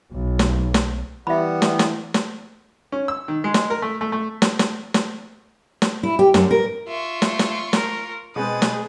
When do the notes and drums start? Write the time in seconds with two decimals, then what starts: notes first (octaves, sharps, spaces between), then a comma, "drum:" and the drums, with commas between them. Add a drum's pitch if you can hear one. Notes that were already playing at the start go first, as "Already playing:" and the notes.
0.13 B1
0.39 drum: snare
0.74 drum: snare
1.27 E3 G3 B3 E5 B5
1.62 drum: snare
1.79 drum: snare
2.14 drum: snare
2.92 C#4
3.08 E6
3.28 D#3
3.44 G#3
3.54 drum: snare
3.70 A#4
3.82 A3
4.01 A3
4.12 A3
4.42 drum: snare
4.59 drum: snare
4.94 drum: snare
5.82 drum: snare
6.03 E4
6.19 G4
6.34 F#2, drum: snare
6.51 A#4
6.88 F4 E5 C#6
7.22 drum: snare
7.39 drum: snare
7.73 A#4, drum: snare
8.36 B2 G#3 C4 G#4 B4 D#6 A6
8.62 drum: snare